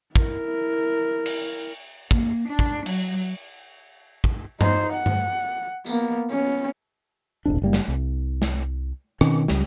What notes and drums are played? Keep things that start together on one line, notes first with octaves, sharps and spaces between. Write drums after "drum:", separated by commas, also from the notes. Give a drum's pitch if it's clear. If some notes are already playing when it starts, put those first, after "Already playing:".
E4 A#4, drum: kick
drum: cymbal
A#3, drum: kick
D4
drum: kick
F#3, drum: cymbal
drum: kick
D#4 C5, drum: tom G2
F#5
drum: tom G2
A#3 B3, drum: tambourine
B3 C#4
E1 A#1 F2 D4
F#1 G3 A#3
drum: snare
C2
drum: snare
B2 D#3 C4 C#4, drum: rim click
C#2 G3, drum: snare